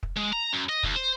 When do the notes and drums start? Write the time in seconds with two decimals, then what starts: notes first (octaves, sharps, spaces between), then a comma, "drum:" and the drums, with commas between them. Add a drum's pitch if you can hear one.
0.03 drum: kick
0.17 G#3
0.33 A#5
0.53 F#2
0.69 D#5
0.83 D2, drum: kick
0.96 C5